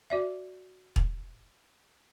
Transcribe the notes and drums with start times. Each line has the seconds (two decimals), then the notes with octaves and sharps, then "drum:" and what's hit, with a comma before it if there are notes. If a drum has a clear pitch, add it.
0.10 F#4 D5 E5
0.96 drum: kick